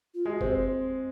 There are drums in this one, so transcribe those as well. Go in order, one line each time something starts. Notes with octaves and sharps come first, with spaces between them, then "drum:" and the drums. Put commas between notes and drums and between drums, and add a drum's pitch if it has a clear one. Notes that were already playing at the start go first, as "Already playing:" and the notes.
F4
G#3 F#4
C4 G4, drum: kick F#1